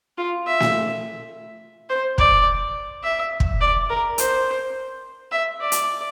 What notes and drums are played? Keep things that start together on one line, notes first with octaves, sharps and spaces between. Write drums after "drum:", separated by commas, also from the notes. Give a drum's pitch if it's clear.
F4
E5
drum: snare
C5
D5, drum: kick
E5
drum: kick
D5
A#4
C5, drum: hi-hat
E5
D5
drum: hi-hat